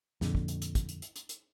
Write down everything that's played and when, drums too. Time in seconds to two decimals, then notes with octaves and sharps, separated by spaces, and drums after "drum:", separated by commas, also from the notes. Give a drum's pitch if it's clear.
0.21 F2 A#2 D3, drum: snare
0.35 drum: kick
0.48 drum: hi-hat
0.62 drum: hi-hat
0.75 drum: kick, hi-hat
0.89 drum: hi-hat
1.02 drum: hi-hat
1.16 drum: hi-hat
1.29 drum: hi-hat